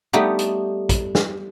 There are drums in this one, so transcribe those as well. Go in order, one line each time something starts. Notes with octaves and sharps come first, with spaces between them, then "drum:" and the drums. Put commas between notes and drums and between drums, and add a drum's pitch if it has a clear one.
G3 A3 B3 D#4 G4
drum: hi-hat
drum: kick, hi-hat
drum: snare